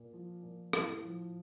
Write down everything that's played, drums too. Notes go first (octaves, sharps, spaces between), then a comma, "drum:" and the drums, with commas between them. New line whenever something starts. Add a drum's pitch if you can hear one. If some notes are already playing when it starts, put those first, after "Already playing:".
Already playing: A#2
F3
A#2
A2, drum: rim click
F3